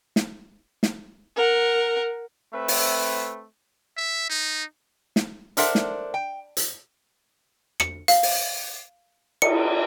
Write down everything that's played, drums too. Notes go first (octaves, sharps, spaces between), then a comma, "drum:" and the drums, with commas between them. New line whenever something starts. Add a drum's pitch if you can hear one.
drum: snare
drum: snare
A#4 F#5
A3 C4 B4 E5
drum: open hi-hat
E5
D#4
drum: snare
D4 A4 A#4 C5 E5 F#5, drum: hi-hat
drum: snare
G5
drum: hi-hat
C#7, drum: rim click
F5, drum: hi-hat
drum: open hi-hat
C#7, drum: cymbal